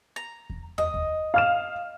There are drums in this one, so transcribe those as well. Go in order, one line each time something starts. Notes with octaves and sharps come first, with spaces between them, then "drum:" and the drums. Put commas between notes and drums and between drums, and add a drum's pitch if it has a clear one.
A#5
drum: kick E2
D#5, drum: tom D#2
drum: kick E2
F5 F6 E7